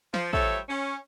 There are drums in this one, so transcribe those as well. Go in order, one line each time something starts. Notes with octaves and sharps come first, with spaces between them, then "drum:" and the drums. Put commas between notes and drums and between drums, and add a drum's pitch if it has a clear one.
F3, drum: snare
F3 G3 A3 A4 C#5 E5, drum: kick
C#4